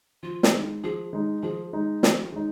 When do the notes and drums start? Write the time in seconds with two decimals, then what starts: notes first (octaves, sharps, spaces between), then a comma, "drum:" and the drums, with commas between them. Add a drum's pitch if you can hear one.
0.23 F3 F4
0.43 drum: snare
0.53 G#3 D#4
0.83 F3 G#4
1.13 G#3 D#4
1.43 F3 G#4
1.73 G#3 D#4
2.03 F3 F#4, drum: snare
2.32 G#3 D#4